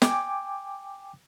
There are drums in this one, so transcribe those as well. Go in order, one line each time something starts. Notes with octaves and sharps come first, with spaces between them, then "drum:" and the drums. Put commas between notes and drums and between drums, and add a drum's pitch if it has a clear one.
G5 G#5 D6, drum: snare